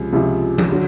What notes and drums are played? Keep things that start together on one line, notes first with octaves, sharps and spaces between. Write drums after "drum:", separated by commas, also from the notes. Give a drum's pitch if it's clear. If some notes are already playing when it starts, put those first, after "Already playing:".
Already playing: C#2 C3 F3
C#2 C3 F3
drum: tom F3
D3 F#3